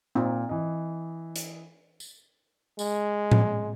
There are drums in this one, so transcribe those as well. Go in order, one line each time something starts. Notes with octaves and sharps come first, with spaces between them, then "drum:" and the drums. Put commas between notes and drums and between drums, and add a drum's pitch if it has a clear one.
A#2 C4 D#4 F4
E3 D#5
drum: hi-hat
drum: tambourine
G#3, drum: tambourine
drum: tom A2